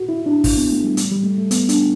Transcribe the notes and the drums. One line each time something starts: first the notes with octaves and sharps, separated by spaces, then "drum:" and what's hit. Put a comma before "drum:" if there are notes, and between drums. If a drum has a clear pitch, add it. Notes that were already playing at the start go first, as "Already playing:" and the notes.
Already playing: F#4
E4
D4
drum: kick, open hi-hat
B3
A3
G3
G3, drum: hi-hat
G3
A3
A3
B3, drum: hi-hat
D4, drum: hi-hat